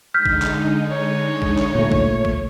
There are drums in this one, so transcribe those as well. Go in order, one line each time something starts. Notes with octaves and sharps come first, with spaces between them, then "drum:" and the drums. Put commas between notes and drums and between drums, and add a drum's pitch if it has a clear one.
D3 G#3 D#4 F6 G6 B6
drum: kick
drum: clap
C#5
drum: kick
drum: clap
A#2 A3
drum: kick
drum: kick